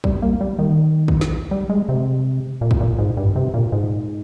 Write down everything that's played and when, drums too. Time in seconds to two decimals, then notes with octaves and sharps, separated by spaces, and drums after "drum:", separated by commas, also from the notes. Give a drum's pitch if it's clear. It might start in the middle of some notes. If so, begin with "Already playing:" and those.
0.04 G3, drum: kick
0.22 A#3
0.41 G3
0.59 D#3
1.08 drum: kick
1.21 drum: snare
1.51 G3
1.70 G#3
1.89 C3
2.61 A#2
2.71 drum: kick
2.80 A#2
2.98 G#2
3.17 G2
3.36 C3
3.54 A#2
3.72 G#2